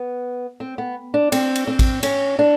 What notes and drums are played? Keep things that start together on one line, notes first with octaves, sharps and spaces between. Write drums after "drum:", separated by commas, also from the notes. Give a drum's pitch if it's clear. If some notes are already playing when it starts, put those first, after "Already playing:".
Already playing: B3
C4
B3
D4
C4, drum: cymbal
drum: cymbal
C4
drum: kick, cymbal
C#4, drum: cymbal
D4